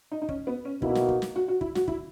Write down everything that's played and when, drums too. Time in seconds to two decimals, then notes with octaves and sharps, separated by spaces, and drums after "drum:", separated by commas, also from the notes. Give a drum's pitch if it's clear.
0.12 D#4
0.22 D#4
0.29 C#4, drum: kick
0.47 B3
0.65 C#4
0.82 B2 A#3 D#4 E4 F#4, drum: kick
0.95 drum: snare
1.09 drum: kick
1.22 drum: snare
1.36 F#4
1.48 F#4
1.61 E4, drum: kick
1.75 F#4, drum: snare
1.88 E4, drum: kick